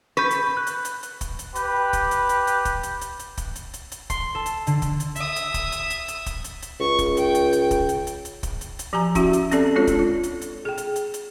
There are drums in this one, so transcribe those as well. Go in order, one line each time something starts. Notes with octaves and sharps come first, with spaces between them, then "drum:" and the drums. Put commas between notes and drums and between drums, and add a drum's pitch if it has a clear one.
B4 C#6 G6
drum: hi-hat
F#6
drum: hi-hat
drum: hi-hat
drum: hi-hat
drum: kick, hi-hat
drum: hi-hat
G4 B4, drum: hi-hat
drum: kick, hi-hat
drum: hi-hat
drum: hi-hat
drum: hi-hat
drum: kick, hi-hat
drum: hi-hat
drum: hi-hat
drum: hi-hat
drum: kick, hi-hat
drum: hi-hat
drum: hi-hat
drum: hi-hat
C6, drum: kick, hi-hat
A4
drum: hi-hat
D3, drum: hi-hat
drum: kick, hi-hat
drum: hi-hat
E5 D#6, drum: hi-hat
drum: hi-hat
drum: kick, hi-hat
drum: hi-hat
drum: hi-hat
drum: hi-hat
drum: kick, hi-hat
drum: hi-hat
drum: hi-hat
C#2 C#6
drum: kick, hi-hat
G5, drum: hi-hat
drum: hi-hat
drum: hi-hat
drum: kick, hi-hat
drum: hi-hat
drum: hi-hat
drum: hi-hat
drum: kick, hi-hat
drum: hi-hat
drum: hi-hat
F3 G4 G#5 A#5
C#4 E4 F#4 E5, drum: kick, hi-hat
drum: hi-hat
C4 C#4 G4 A4 D5 A5, drum: hi-hat
G#3 C4 D4 F4 A4 C#5
drum: kick, hi-hat
F4
drum: hi-hat
drum: hi-hat
G#4 G5
drum: hi-hat
drum: hi-hat
drum: hi-hat